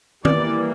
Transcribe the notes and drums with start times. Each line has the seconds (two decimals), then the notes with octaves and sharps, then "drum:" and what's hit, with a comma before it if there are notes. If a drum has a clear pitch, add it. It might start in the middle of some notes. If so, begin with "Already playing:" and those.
0.25 E3 G3 A#3 D5, drum: tom D#3